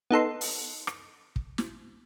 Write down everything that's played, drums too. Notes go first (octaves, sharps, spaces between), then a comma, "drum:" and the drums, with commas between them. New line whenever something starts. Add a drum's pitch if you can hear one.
B3 D#4 A4 C6
drum: open hi-hat
drum: rim click
drum: kick
drum: snare